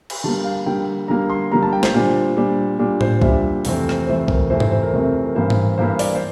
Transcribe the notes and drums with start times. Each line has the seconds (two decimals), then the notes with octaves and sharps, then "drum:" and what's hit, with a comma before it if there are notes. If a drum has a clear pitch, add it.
0.10 drum: cymbal
0.24 D3 G3 A#3 A5
0.44 F5
0.66 D3 G3 A#3 G5
1.08 D3 G3 A#3 A#5
1.30 C6
1.52 D3 G3 A#3 A#5
1.63 A5
1.73 G5
1.83 C5, drum: snare
1.94 A#2 G3 D4
2.37 A#2 G3 D4
2.79 A#2 G3 D4
3.01 C5, drum: tom A2
3.22 A#2 G3 D4 E5, drum: kick
3.65 F2 C3 E3 A3 C4, drum: open hi-hat
3.89 drum: rim click
4.07 F2 C3 E3 A3 C4 C5
4.28 A#4, drum: kick
4.50 F2 C3 E3 A3 C4 C5
4.60 C5, drum: tom G#2
4.71 C5
4.82 A#4
4.93 F2 C3 E3 A3 C4 A#4
5.26 A#4
5.35 G2 E3 A#3 E4 C5
5.50 drum: tom G#2
5.78 G2 E3 A#3 E4 C5
5.99 D5, drum: open hi-hat
6.15 C5